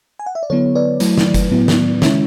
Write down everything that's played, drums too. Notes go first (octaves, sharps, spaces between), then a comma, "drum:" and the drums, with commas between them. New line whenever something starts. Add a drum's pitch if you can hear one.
G#5
F#5
E5
D5
D3 F#3 B3 E4 A4 C#5
B4 D5
F#3 A3 E4, drum: hi-hat
drum: snare
drum: kick F#1, hi-hat
A2 F#3 B3 E4
drum: snare
C#3 G#3 C#4 E4 C#5 E5, drum: snare